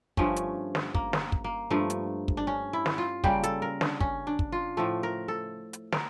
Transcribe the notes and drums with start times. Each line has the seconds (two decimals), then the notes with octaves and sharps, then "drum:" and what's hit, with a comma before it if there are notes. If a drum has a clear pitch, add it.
0.17 G2 F3 A3 C#4, drum: kick
0.36 drum: hi-hat
0.75 drum: snare
0.95 A#3, drum: kick
1.13 drum: snare
1.32 drum: kick
1.44 A#3
1.70 G2 F3 A3
1.90 drum: hi-hat
2.28 drum: kick
2.37 D4
2.47 C#4
2.73 E4
2.86 drum: snare
2.98 F4
3.24 C#3 G3 A#3 G4, drum: kick
3.43 A4, drum: hi-hat
3.62 A#4
3.81 D4, drum: snare
4.00 C#4, drum: kick
4.27 D4
4.39 drum: kick
4.52 F4
4.77 A2 F3 A3 A4
5.03 A#4
5.28 A4
5.73 drum: hi-hat
5.92 A#4, drum: snare